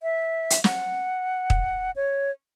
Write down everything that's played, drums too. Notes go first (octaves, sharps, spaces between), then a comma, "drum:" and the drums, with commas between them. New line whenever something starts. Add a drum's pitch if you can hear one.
E5
drum: hi-hat
F#5, drum: snare
drum: kick
C#5